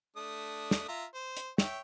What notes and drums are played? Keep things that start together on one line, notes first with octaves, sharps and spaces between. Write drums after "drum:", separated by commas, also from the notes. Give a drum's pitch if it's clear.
A3 D4 D#6
drum: snare
F4 E5 A#5
C5
drum: hi-hat
C#5 E5 G5, drum: snare